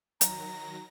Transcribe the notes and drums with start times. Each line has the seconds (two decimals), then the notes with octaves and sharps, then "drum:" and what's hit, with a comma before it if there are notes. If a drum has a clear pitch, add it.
0.21 D#3 F#3 A#5 A#6, drum: hi-hat